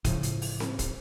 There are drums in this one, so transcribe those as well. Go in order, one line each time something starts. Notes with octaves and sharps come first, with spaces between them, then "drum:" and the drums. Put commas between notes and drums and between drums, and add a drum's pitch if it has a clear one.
A2 C#3 F3, drum: kick, hi-hat
drum: hi-hat
drum: open hi-hat
drum: snare C4
drum: kick, hi-hat